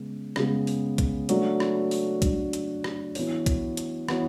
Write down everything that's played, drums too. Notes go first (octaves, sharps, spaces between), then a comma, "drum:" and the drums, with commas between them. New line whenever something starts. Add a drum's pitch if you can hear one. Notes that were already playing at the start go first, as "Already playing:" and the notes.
Already playing: C#3 G#3 B3
C#3 G#3 B3, drum: rim click
drum: open hi-hat
drum: kick, hi-hat
F#3 A3 D4 F#4, drum: hi-hat
drum: rim click
drum: open hi-hat
F#3 A3 D4 F#4, drum: kick, hi-hat
drum: hi-hat
drum: rim click
E3 B3 F#4 C#5, drum: open hi-hat
drum: kick, hi-hat
drum: hi-hat
E3 B3 F#4 C#5, drum: rim click